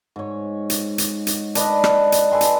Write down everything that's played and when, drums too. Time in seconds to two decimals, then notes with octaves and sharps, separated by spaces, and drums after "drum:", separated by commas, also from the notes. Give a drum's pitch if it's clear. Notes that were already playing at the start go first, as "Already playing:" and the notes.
0.16 G#2 C#5
0.70 drum: hi-hat
0.98 drum: hi-hat
1.27 drum: hi-hat
1.55 D4 B4 D#5, drum: hi-hat
1.84 drum: rim click
2.12 drum: hi-hat
2.31 A4 B4 G#5 C6
2.41 drum: hi-hat